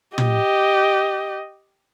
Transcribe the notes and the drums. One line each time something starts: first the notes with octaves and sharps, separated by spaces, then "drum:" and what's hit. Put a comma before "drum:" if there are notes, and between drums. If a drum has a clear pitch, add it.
G4 D#5, drum: tom